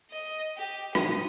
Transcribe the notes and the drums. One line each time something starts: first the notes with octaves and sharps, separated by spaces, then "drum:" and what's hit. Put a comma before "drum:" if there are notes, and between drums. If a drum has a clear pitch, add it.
D#5
G4
D#6, drum: rim click